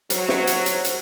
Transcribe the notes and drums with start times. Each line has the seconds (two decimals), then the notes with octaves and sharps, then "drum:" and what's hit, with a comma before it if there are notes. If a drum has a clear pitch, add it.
0.10 F#3 C5, drum: hi-hat
0.29 drum: snare
0.47 drum: hi-hat
0.66 drum: hi-hat
0.85 drum: hi-hat